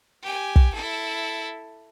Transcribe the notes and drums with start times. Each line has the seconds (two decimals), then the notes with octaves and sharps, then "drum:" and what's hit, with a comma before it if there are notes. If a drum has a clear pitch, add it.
0.23 G4 G#5
0.56 drum: kick
0.73 E4 A4